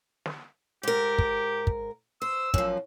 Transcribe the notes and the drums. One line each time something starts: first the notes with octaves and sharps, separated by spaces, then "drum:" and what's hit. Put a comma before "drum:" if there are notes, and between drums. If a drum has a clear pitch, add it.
drum: snare
G#2 G4 A#4
drum: kick
drum: kick
C5 E6
F#2 F3, drum: kick